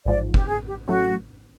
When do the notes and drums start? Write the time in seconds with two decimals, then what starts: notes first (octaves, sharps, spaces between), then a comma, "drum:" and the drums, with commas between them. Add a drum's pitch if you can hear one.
0.05 A1 G#2 F3 D5
0.34 G4, drum: kick
0.47 G#4
0.67 G4
0.87 A2 F#3 A3 C#4 F#4